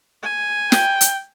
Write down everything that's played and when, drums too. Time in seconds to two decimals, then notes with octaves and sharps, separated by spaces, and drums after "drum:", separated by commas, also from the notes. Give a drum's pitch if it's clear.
0.23 G#5
0.72 G5, drum: snare
1.01 drum: hi-hat